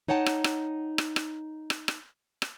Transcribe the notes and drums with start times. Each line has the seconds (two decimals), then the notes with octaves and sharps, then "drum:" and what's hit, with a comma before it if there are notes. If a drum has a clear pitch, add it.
0.08 D#4 C#5 F#5 G5 A5
0.26 drum: rim click
0.44 drum: rim click
0.98 drum: rim click
1.16 drum: rim click
1.70 drum: rim click
1.88 drum: rim click
2.42 drum: rim click